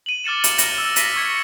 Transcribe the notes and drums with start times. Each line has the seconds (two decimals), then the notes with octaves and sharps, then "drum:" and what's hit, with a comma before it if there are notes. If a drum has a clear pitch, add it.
0.06 D#7 F#7
0.24 D6 F6 A6 C#7 E7
0.44 drum: hi-hat
0.58 F6 A#6, drum: hi-hat
0.78 E6
0.96 A#6 B6 D#7, drum: hi-hat
1.16 C#6 G#6 C#7